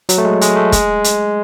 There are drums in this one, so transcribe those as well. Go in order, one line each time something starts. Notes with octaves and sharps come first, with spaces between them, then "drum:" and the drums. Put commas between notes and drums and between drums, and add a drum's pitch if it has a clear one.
F#3, drum: hi-hat
A3
G#3
G#3, drum: hi-hat
A3
G#3, drum: kick, hi-hat
drum: hi-hat